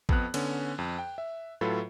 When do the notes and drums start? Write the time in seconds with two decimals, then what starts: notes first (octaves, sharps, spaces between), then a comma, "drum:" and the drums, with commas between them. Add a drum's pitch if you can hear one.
0.09 F2 B3 F#6, drum: kick
0.34 D3 B3 C#4, drum: cymbal
0.78 F2
0.99 G5
1.18 E5
1.61 A2 F#3 F4 A4 B4 B5